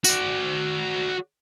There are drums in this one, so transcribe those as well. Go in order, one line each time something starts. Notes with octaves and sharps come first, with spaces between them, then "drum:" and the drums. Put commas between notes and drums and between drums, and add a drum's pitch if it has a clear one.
F#4 D5, drum: tambourine